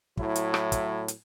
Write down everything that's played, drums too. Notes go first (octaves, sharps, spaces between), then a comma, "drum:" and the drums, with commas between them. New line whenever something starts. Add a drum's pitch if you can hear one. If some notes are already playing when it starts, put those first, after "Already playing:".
A2 F#3 E4, drum: kick
drum: hi-hat
drum: rim click
drum: kick, hi-hat
drum: hi-hat